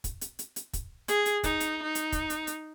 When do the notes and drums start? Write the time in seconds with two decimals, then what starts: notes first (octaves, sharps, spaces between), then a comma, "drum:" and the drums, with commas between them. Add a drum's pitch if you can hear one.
0.04 drum: kick, hi-hat
0.21 drum: hi-hat
0.39 drum: hi-hat
0.56 drum: hi-hat
0.73 drum: kick, hi-hat
1.08 G#4, drum: hi-hat
1.26 drum: hi-hat
1.43 D#4, drum: kick, hi-hat
1.60 drum: hi-hat
1.83 D#4
1.95 drum: hi-hat
2.12 drum: kick, hi-hat
2.30 drum: hi-hat
2.47 drum: hi-hat